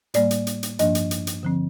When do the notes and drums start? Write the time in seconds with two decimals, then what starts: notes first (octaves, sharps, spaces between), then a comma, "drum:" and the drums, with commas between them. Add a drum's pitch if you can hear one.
0.14 A2 G3 A#3 D5, drum: hi-hat
0.31 drum: hi-hat
0.47 drum: hi-hat
0.63 drum: hi-hat
0.79 G2 F3 A#3 D4 D#5, drum: hi-hat
0.95 drum: hi-hat
1.11 drum: hi-hat
1.27 drum: hi-hat
1.43 D3 F3 C4